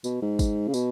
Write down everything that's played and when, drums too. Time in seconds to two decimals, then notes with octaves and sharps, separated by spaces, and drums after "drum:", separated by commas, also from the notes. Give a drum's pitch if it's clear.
0.04 B2, drum: tambourine
0.22 G#2
0.39 drum: kick, tambourine
0.68 C#3
0.74 B2, drum: tambourine